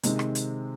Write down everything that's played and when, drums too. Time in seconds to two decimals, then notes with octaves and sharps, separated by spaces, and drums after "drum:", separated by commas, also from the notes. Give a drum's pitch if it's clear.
0.03 C3 D#3 G#3 C4, drum: hi-hat
0.19 drum: rim click
0.35 drum: hi-hat